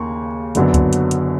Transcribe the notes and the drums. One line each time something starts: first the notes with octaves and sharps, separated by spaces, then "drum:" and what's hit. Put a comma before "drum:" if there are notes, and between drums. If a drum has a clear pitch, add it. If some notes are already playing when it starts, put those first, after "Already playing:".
Already playing: D#2 C#3 A#3 C6 C#6
F#1 F#2 D3 F#3 B3, drum: hi-hat
drum: kick C#2, hi-hat
drum: hi-hat
drum: hi-hat